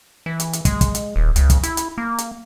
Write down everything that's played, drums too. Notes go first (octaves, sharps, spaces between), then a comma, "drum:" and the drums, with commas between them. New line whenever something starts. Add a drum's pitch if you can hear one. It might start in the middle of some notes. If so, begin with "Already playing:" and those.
E3
drum: hi-hat
drum: hi-hat
G#3, drum: kick, hi-hat
drum: kick, hi-hat
drum: hi-hat
D#1
C#2, drum: hi-hat
drum: kick, hi-hat
E4, drum: hi-hat
drum: hi-hat
A#3
drum: hi-hat